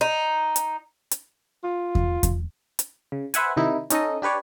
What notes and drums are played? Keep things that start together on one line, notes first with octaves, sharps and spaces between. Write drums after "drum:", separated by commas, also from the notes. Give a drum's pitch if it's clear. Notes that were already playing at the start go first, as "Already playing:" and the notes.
D#4
drum: hi-hat
drum: hi-hat
F4
drum: kick E2
drum: kick E2, hi-hat
drum: hi-hat
C#3
B4 C5 E5 F#5 G#5, drum: hi-hat
C3 D#3 D#4 E4
C#4 D#4 A4 D#5, drum: hi-hat
D4 G4 B4 C#5 D5